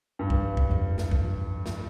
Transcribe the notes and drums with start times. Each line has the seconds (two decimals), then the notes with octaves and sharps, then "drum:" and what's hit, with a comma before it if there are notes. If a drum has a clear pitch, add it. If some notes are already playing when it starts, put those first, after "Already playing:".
0.19 G2
0.30 drum: kick
0.57 drum: kick
0.71 F2
0.98 drum: snare
1.11 drum: kick
1.66 drum: snare